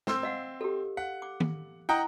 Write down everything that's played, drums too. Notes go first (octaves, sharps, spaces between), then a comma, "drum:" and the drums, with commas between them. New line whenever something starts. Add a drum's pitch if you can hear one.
C4 C6 E6, drum: snare
D#5 F5 F#5
G4 A4
F5 F#5
D6
drum: tom D#3
E4 D#5 F#5 G5 A#5 D#6